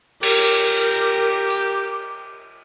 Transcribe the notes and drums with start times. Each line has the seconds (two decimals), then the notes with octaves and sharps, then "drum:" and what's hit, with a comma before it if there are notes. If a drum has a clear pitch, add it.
0.23 G4 A#4, drum: cymbal
1.50 drum: tambourine